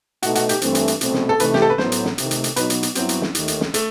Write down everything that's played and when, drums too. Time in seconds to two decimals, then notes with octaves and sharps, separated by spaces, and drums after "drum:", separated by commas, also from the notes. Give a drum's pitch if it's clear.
0.23 B2 A3 D#4 F#4, drum: hi-hat
0.35 F#4, drum: hi-hat
0.49 G4, drum: hi-hat
0.62 G2 E3 A3 C4, drum: hi-hat
0.75 drum: hi-hat
0.88 drum: hi-hat
1.01 C2 B2 A3 C4, drum: hi-hat
1.14 drum: snare
1.29 A4
1.40 C3 E3 A3 D#4 B4, drum: hi-hat
1.54 G4, drum: snare
1.62 A4
1.70 B4
1.78 A2 F#3 B3 C5, drum: snare
1.92 drum: hi-hat
2.05 drum: snare
2.18 C3 D#3 A3, drum: hi-hat
2.31 drum: hi-hat
2.44 drum: hi-hat
2.56 B2 F#3 B3 D#4 B4, drum: hi-hat
2.70 drum: hi-hat
2.83 drum: hi-hat
2.95 G2 F#3 B3 C4 E4, drum: hi-hat
3.09 drum: hi-hat
3.22 drum: snare
3.35 D#2 D#3 A3, drum: hi-hat
3.48 drum: hi-hat
3.61 drum: snare
3.74 A3, drum: hi-hat